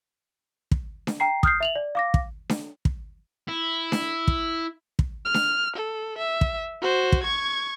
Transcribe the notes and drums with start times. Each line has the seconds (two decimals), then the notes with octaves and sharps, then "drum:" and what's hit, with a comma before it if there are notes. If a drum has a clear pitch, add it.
0.71 drum: kick
1.07 drum: snare D4
1.20 G5 A#5 C7
1.43 D#6 F6 G6 C7, drum: kick
1.60 E5 F7 F#7
1.75 D5
1.95 F5 D6 A#6
2.14 drum: kick
2.50 drum: snare D4
2.85 drum: kick
3.48 E4
3.92 drum: snare D4
4.28 drum: kick
4.99 drum: kick
5.25 F6
5.34 drum: snare D4
5.76 A4
6.18 E5
6.41 drum: kick
6.82 F#4 C5
7.12 drum: kick
7.23 C#6 G#6